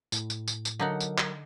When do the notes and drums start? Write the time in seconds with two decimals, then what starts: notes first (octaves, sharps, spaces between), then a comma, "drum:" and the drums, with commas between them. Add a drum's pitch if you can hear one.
0.12 A2, drum: tambourine
0.30 drum: tambourine
0.48 drum: tambourine
0.65 drum: tambourine
0.79 D3 F#3 D#4 A#4 F#5
1.01 drum: tambourine
1.18 drum: clap